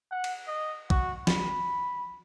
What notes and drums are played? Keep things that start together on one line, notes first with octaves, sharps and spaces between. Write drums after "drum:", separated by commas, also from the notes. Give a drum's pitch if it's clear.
F#5
drum: cymbal
D#5
F#4, drum: kick
B5, drum: snare